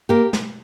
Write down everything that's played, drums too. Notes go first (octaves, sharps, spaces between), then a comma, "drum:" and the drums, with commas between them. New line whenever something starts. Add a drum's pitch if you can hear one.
A#3 G4 A#4
drum: snare